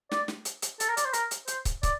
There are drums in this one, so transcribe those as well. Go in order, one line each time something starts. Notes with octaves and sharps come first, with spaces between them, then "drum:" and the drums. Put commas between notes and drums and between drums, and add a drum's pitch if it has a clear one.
D5, drum: snare
drum: snare
drum: hi-hat
drum: hi-hat
A4, drum: hi-hat
A#4
D5, drum: hi-hat
C5
A#4, drum: hi-hat
drum: hi-hat
C5, drum: hi-hat
drum: kick, hi-hat
D5, drum: kick, hi-hat